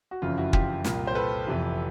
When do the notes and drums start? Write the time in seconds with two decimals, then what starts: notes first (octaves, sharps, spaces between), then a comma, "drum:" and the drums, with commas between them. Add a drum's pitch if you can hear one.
0.11 F#4
0.22 F#1 F2 C#3 E3 F4
0.37 E4 F#4
0.53 F4 G4, drum: kick
0.85 C2 A#2, drum: snare
1.07 C5
1.15 A4 B4
1.47 F1 F2 C3 E3